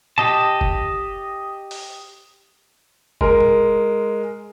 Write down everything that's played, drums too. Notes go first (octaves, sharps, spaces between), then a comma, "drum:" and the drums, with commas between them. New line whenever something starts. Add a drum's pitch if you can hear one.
G4 D#5 A5, drum: tom
drum: kick
drum: open hi-hat
G#3 A#4, drum: kick
drum: tom